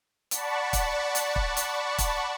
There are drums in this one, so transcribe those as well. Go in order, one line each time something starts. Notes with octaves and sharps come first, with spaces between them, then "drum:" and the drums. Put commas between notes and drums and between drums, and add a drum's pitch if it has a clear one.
D5 F#5 A5 B5 C#6, drum: hi-hat
drum: kick, hi-hat
drum: hi-hat
drum: kick
drum: hi-hat
drum: kick, hi-hat